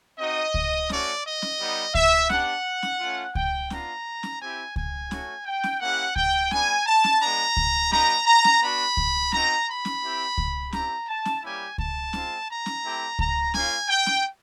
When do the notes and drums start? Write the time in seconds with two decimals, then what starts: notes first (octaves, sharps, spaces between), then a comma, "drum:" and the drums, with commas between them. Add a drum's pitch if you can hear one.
0.19 C4 D#4 F#4 D#5
0.54 drum: kick C#2
0.89 A3 C#4 F#4 D5, drum: snare C#4
1.25 D#5
1.42 drum: snare C#4
1.60 G3 B3 D#4
1.95 E5, drum: kick C#2
2.30 B3 D4 G4 F#5, drum: snare C#4
2.83 drum: snare C#4
3.00 A3 C#4 F4
3.35 G5, drum: kick C#2
3.70 B3 D4 F4 A#5, drum: snare C#4
4.23 drum: snare C#4
4.41 C4 E4 G4 G#5
4.76 G#5, drum: kick C#2
5.11 A3 C#4 F#4, drum: snare C#4
5.46 G5
5.63 drum: snare C#4
5.81 A#3 C#4 E4 G4 F#5
6.16 G5, drum: kick C#2
6.51 G3 B3 D4 G#5, drum: snare C#4
6.86 A5
7.04 drum: snare C#4
7.21 G#3 B3 D4 A#5
7.57 drum: kick C#2
7.92 G3 B3 D#4 G4 A#5, drum: snare C#4
8.26 A#5
8.44 drum: snare C#4
8.62 B3 D4 F#4 B5
8.97 drum: kick C#2
9.32 C4 D#4 F#4 A#5, drum: snare C#4
9.67 B5
9.85 drum: snare C#4
10.03 C4 E4 G4
10.38 drum: kick C#2
10.73 C4 E4 G4 A#5, drum: snare C#4
11.08 A5
11.25 drum: snare C#4
11.43 G3 A#3 C#4 E4 G4 G#5
11.78 A5, drum: kick C#2
12.13 G#3 C4 F4, drum: snare C#4
12.48 A#5
12.66 drum: snare C#4
12.84 A3 C4 E4 G4
13.19 A#5, drum: kick C#2
13.54 A#3 C#4 F4 G#5, drum: snare C#4
13.89 G5
14.06 drum: snare C#4